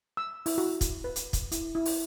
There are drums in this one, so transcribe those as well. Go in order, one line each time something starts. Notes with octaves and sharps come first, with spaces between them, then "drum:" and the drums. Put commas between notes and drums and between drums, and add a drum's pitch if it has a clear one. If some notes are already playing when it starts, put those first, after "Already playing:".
E6
E4, drum: open hi-hat
F#4
drum: kick, hi-hat
B4
drum: hi-hat
drum: kick, hi-hat
E4, drum: hi-hat
E4
drum: open hi-hat